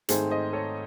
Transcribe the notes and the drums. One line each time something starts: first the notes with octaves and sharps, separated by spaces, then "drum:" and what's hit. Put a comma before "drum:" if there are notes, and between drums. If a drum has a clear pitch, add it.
G#2 D#3 A3 C4 G#4 C5, drum: hi-hat
C5 D#5
A4 C#5